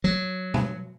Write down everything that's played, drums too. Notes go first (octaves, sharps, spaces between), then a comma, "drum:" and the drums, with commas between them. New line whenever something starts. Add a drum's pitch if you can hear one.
F#3
drum: tom B2